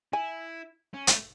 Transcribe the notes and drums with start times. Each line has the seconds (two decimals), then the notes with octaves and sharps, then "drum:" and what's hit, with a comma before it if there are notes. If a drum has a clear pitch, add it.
0.13 E4 G#5
0.94 C#4
1.07 A3, drum: hi-hat